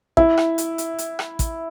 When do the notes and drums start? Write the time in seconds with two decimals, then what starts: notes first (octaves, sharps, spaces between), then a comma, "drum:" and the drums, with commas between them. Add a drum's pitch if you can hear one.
0.17 E4, drum: kick
0.38 drum: rim click
0.58 drum: hi-hat
0.78 drum: hi-hat
0.98 drum: hi-hat
1.19 drum: rim click
1.39 drum: kick, hi-hat